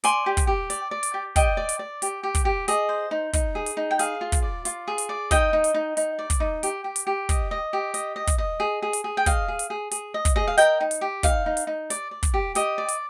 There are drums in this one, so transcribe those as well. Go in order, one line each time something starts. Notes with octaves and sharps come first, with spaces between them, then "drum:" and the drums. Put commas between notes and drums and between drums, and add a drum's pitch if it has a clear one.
D5 G#5 C6, drum: hi-hat
G4
drum: kick, hi-hat
G4
D5, drum: hi-hat
D5
drum: hi-hat
G4
D5 D#5 G5, drum: kick, hi-hat
D5
drum: hi-hat
D5
G4, drum: hi-hat
G4
drum: kick, hi-hat
G4
G#4 D#5, drum: hi-hat
C5
D#4
D#4, drum: kick, hi-hat
G#4
drum: hi-hat
D#4
G5
G#4 F5, drum: hi-hat
F4
drum: kick, hi-hat
D5
F4, drum: hi-hat
G#4
drum: hi-hat
D5
D#4 D#5 G5, drum: kick, hi-hat
D#4
drum: hi-hat
D#4
D#4, drum: hi-hat
D5
drum: kick, hi-hat
D#4
G4, drum: hi-hat
G4
drum: hi-hat
G4
D#5, drum: kick, hi-hat
D#5
G4
D#5, drum: hi-hat
D#5
drum: kick, hi-hat
D#5
G#4
G#4
drum: hi-hat
G#4
G5
D#5 F5, drum: kick, hi-hat
G#4
drum: hi-hat
G#4
G#4, drum: hi-hat
D#5
drum: kick, hi-hat
G#4 D#5
F5
A#4 D#5 G5, drum: hi-hat
D#4
drum: hi-hat
G4
D#4 F5, drum: kick, hi-hat
D#4
drum: hi-hat
D#4
D5, drum: hi-hat
D5
drum: kick, hi-hat
G4
G4 D#5, drum: hi-hat
D5
drum: hi-hat